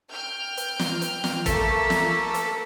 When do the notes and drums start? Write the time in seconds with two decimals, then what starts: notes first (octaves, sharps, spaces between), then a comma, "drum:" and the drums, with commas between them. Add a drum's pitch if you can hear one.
0.11 G5 F6 G6
0.57 drum: hi-hat
0.79 drum: snare
1.02 drum: hi-hat
1.24 drum: snare
1.46 A3 A#3 A4 B6, drum: kick, hi-hat
1.90 drum: snare
2.34 drum: hi-hat